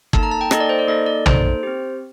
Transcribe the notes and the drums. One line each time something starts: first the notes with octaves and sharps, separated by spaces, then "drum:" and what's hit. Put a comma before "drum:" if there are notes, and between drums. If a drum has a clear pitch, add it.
A#3 D#4 A4 A5, drum: kick
A#5
A5
G5
A#3 D#4 A4 D#5, drum: rim click
D5
C5
D5
A#3 D#4 A4 D#5
D5
A#3 D#4 A4 C5, drum: tom
C4 G4